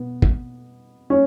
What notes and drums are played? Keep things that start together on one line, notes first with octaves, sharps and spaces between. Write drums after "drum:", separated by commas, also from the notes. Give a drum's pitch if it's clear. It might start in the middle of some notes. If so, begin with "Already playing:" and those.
Already playing: B2 B3
drum: kick
C#4